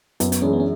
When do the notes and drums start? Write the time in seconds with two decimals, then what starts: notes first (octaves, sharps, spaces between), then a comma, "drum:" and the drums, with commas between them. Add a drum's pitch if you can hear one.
0.20 F#2 B3, drum: hi-hat
0.32 B3, drum: hi-hat
0.42 E3 G#3 C#4 D4 G#4
0.53 B3
0.60 C#4